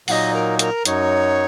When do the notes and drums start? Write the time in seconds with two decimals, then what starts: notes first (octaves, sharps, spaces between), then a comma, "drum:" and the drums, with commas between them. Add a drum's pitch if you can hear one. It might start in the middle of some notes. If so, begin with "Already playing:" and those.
0.08 A#2 F#3 A#3 D#4 D#5 F#5, drum: open hi-hat
0.33 A#4
0.59 A#4, drum: hi-hat
0.85 F#2 F#3 D#4 C#5, drum: hi-hat